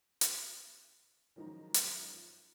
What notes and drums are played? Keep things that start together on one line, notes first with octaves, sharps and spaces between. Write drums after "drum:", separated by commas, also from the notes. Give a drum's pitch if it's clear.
drum: hi-hat
G#2 D#3 F3 F#3 C#4 A#5
drum: hi-hat